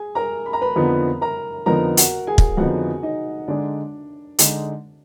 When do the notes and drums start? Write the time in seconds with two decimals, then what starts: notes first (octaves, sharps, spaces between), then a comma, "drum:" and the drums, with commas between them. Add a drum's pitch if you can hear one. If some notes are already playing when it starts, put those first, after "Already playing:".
Already playing: G#4 G#5
0.15 A#4 A#5
0.46 B5
0.53 A#5
0.61 B4 B5
0.76 F2 D3 F3 B3 D#4
1.21 A#4 A#5
1.66 F2 D3 F3 B3 D#4 A#4 A#5
1.97 F#4 F#5, drum: hi-hat
2.27 G#4 G#5
2.38 drum: kick
2.57 F2 D3 F3 B3 D#4 F#4 F#5
3.03 D#4 D#5
3.48 D3 G#3 D4 D#4 D5
4.39 D3 G#3 D#4, drum: hi-hat